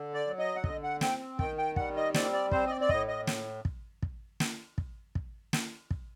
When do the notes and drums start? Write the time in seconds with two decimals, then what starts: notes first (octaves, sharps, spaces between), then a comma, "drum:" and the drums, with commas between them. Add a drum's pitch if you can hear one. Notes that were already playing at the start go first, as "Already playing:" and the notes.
Already playing: D3
0.14 D5
0.27 F#3
0.39 D#5
0.56 F#5
0.64 D3 D#5, drum: kick
0.83 F#5
1.01 C4 G5, drum: snare
1.39 D#3 G5, drum: kick
1.58 G5
1.76 G3 F#5, drum: kick
1.96 D#5
2.14 C4 D5, drum: snare
2.33 D5
2.51 C4 C5, drum: kick
2.67 D#5
2.71 D5
2.81 D5
2.89 A2 D#5, drum: kick
3.08 D#5
3.27 drum: snare
3.65 drum: kick
4.03 drum: kick
4.40 drum: snare
4.78 drum: kick
5.15 drum: kick
5.53 drum: snare
5.91 drum: kick